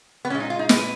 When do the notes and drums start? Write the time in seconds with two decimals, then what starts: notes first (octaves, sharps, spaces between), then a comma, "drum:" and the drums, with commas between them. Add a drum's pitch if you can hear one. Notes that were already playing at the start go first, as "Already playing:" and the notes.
0.25 B3
0.30 A#2 G#3 C#4
0.40 D#4
0.50 F4
0.59 D#4
0.69 A#2 G#3 B4, drum: snare